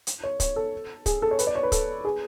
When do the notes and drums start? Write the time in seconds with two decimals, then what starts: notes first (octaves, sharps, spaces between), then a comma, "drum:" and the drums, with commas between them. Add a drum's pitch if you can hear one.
0.07 drum: hi-hat
0.24 C#5
0.40 C#5, drum: kick, hi-hat
0.56 A4
1.06 G#4, drum: kick, hi-hat
1.22 A4
1.31 C#5
1.39 B4, drum: hi-hat
1.47 D5
1.55 C#5
1.63 B4
1.72 A4, drum: kick, hi-hat
2.05 G#4